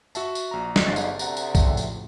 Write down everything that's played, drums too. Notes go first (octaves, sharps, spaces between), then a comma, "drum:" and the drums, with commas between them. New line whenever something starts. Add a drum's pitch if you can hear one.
F#4 E5 A5, drum: tambourine
drum: tambourine
A#1 A#5
drum: snare
G1 C2 F2 G#2 A6 C7
drum: tambourine
D2 C3 F#5 A#5, drum: tambourine
drum: tambourine
F2 A2 C#3, drum: kick, tambourine
drum: tambourine